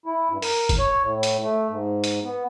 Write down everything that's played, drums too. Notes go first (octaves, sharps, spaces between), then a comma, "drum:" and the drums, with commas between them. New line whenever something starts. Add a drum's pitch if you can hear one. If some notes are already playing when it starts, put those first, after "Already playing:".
E4
G2
A#4, drum: open hi-hat
drum: kick, hi-hat
C#5
A2
drum: hi-hat
A3
G#2
drum: hi-hat
B3